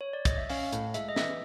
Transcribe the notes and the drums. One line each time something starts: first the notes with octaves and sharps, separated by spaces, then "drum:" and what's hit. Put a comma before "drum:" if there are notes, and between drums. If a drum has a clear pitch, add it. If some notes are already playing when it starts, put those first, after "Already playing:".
C#5
D5
D#5, drum: kick, hi-hat
E5
C#4 F5, drum: open hi-hat
A2, drum: hi-hat
G#3 E5, drum: hi-hat
D#5
E3 E5, drum: snare